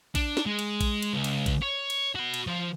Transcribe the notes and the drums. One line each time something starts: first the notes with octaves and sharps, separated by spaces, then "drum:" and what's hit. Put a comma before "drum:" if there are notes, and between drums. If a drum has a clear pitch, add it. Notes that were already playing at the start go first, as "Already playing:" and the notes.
D4, drum: kick A#1, cymbal
drum: snare
G#3
drum: cymbal
drum: kick A#1, cymbal
drum: cymbal
C#2
drum: cymbal
drum: kick A#1, cymbal
C#5
drum: cymbal
F#4 B5
drum: cymbal
F3 F4